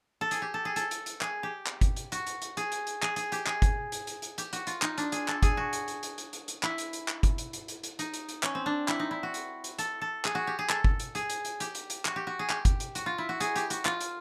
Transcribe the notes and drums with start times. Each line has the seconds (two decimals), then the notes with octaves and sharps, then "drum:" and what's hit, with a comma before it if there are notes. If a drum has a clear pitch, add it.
0.21 A4
0.31 G#4, drum: hi-hat
0.42 G4
0.54 A4
0.65 G#4
0.76 A4, drum: hi-hat
0.91 drum: hi-hat
1.06 drum: hi-hat
1.21 G#4, drum: clap
1.43 G4
1.66 drum: clap
1.81 drum: kick G1, hi-hat
1.96 drum: hi-hat
2.12 F#4, drum: hi-hat
2.27 drum: hi-hat
2.42 drum: hi-hat
2.57 G#4, drum: hi-hat
2.72 drum: hi-hat
2.87 drum: hi-hat
3.02 G#4, drum: clap
3.16 G#4, drum: hi-hat
3.32 G4, drum: hi-hat
3.46 G#4, drum: clap
3.62 drum: kick G1, hi-hat
3.92 drum: hi-hat
4.07 drum: hi-hat
4.22 drum: hi-hat
4.38 G4, drum: hi-hat
4.53 F#4, drum: hi-hat
4.67 F4, drum: hi-hat
4.82 D#4, drum: clap
4.98 D4, drum: hi-hat
5.12 G#4, drum: hi-hat
5.28 A4, drum: clap
5.43 G#4, drum: kick G1, hi-hat
5.57 F#4
5.73 drum: hi-hat
5.88 drum: hi-hat
6.03 drum: hi-hat
6.18 drum: hi-hat
6.33 drum: hi-hat
6.48 drum: hi-hat
6.63 E4, drum: clap
6.78 drum: hi-hat
6.93 drum: hi-hat
7.08 drum: clap
7.23 drum: kick G1, hi-hat
7.38 drum: hi-hat
7.53 drum: hi-hat
7.68 drum: hi-hat
7.83 drum: hi-hat
7.99 D#4, drum: hi-hat
8.14 drum: hi-hat
8.29 drum: hi-hat
8.43 C#4, drum: clap
8.55 C4
8.66 D4
8.88 E4, drum: clap
8.99 D#4
9.11 E4
9.23 F#4
9.34 drum: hi-hat
9.64 drum: hi-hat
9.79 A4, drum: hi-hat
10.01 A4
10.25 G#4, drum: clap
10.35 F#4
10.47 G4
10.59 G#4
10.69 A4, drum: clap
10.84 drum: kick G1
11.00 drum: hi-hat
11.15 G#4, drum: hi-hat
11.30 drum: hi-hat
11.45 drum: hi-hat
11.60 G4, drum: hi-hat
11.75 drum: hi-hat
11.90 drum: hi-hat
12.05 F#4, drum: clap
12.16 G4
12.27 F#4
12.39 G#4
12.50 G4, drum: clap
12.65 drum: kick G1, hi-hat
12.80 drum: hi-hat
12.95 F#4, drum: hi-hat
13.06 F4
13.18 E4
13.29 F#4
13.40 G#4, drum: hi-hat
13.56 G4, drum: hi-hat
13.70 F#4, drum: hi-hat
13.85 F4, drum: clap
14.01 drum: hi-hat